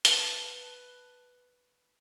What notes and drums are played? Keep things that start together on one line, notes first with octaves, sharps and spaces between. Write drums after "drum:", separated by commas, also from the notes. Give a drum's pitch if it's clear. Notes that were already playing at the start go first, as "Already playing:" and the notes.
B4 A5, drum: hi-hat